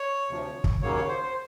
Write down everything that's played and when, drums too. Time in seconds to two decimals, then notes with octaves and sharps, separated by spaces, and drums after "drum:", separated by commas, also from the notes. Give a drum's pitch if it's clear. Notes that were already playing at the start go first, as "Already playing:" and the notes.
Already playing: C#5
0.28 D2 C3 F3
0.64 drum: kick
0.82 D#2 C#3 F#3 A#3 C#5
0.96 C#5
1.09 C5
1.22 C5